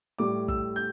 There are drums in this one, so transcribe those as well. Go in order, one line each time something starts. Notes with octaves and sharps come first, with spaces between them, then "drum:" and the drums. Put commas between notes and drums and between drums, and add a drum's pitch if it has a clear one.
A2 G3 D6
E6, drum: kick
G6